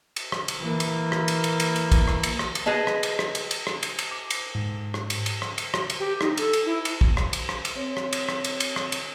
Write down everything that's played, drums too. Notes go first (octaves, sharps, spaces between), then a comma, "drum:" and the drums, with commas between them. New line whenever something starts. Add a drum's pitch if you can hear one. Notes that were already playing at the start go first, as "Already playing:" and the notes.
drum: cymbal
drum: rim click
drum: cymbal
E3 A#3
drum: cymbal
drum: rim click
drum: cymbal
drum: cymbal
drum: cymbal
drum: cymbal
drum: kick, cymbal
drum: rim click
drum: cymbal
drum: rim click
drum: cymbal
G#4 B4 D#5 A5
drum: rim click
drum: cymbal
drum: rim click
drum: cymbal
drum: cymbal
drum: rim click
drum: cymbal
drum: cymbal
D6
drum: cymbal
G#2
drum: rim click
drum: cymbal
drum: cymbal
drum: rim click
drum: cymbal
drum: rim click
drum: cymbal
G4
D#4, drum: rim click
A4, drum: cymbal
drum: cymbal
E4
drum: cymbal
drum: kick
drum: rim click
drum: cymbal
drum: rim click
drum: cymbal
C4 C#5 C6
drum: rim click
drum: cymbal
drum: rim click
drum: cymbal
drum: cymbal
drum: rim click
drum: cymbal